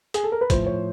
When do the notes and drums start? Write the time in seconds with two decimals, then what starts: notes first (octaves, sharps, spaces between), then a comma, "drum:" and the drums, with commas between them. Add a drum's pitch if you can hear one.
0.14 G#4, drum: hi-hat
0.24 A4
0.32 A#4
0.41 B4
0.50 A2 F3 C5, drum: kick, hi-hat
0.67 C#5